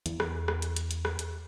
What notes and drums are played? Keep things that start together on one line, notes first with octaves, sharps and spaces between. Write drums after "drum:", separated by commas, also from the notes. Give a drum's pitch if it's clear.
E2, drum: hi-hat
drum: rim click
drum: rim click
drum: hi-hat
drum: hi-hat
drum: hi-hat
drum: rim click
drum: hi-hat